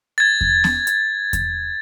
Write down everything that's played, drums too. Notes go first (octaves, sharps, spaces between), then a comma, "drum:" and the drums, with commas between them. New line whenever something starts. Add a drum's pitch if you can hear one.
G#6 A6
drum: kick E2
drum: snare B3
drum: hi-hat
drum: kick E2, hi-hat